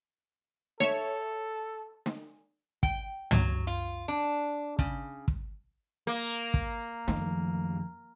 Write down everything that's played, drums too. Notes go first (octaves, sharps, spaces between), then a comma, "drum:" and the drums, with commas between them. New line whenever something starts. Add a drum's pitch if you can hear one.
A4 C#5 E5, drum: snare
drum: snare
G5, drum: kick
F#3, drum: tom
F4
D4
C#3, drum: kick
drum: kick
A#3
drum: kick
F#2 D#3 F3 A3, drum: snare